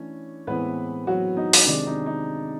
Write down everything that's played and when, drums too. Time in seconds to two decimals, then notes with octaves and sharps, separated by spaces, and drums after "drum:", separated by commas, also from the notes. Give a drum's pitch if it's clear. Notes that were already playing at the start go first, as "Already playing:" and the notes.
Already playing: E3 A3 C#4 D4
0.47 A2 E3 G#3 B3 C4 B4
1.07 F#3 F#4
1.37 D#4
1.53 drum: open hi-hat
1.66 C3 D#3 G#3 D4
1.87 D#4
2.06 D#4